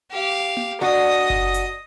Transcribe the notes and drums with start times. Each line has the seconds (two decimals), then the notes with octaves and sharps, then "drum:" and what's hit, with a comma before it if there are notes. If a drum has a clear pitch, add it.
0.11 G4 F5
0.57 drum: tom A#3
0.81 D4 F#4 D#5 D#6
1.30 drum: kick F#1
1.54 drum: hi-hat